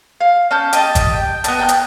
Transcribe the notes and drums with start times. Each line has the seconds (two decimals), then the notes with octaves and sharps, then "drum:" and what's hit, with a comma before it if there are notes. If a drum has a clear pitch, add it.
0.21 F5
0.51 C#4 A5 G6
0.73 G4 D#5 A5, drum: hi-hat
0.95 drum: kick, hi-hat
1.13 G5
1.44 B3 D#5 A5, drum: hi-hat
1.59 G5 A5 F#6
1.69 drum: hi-hat